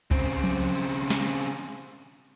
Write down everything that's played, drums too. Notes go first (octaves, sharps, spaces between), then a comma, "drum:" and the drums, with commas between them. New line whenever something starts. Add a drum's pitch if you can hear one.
C#3 C4, drum: kick
drum: tom F3
drum: snare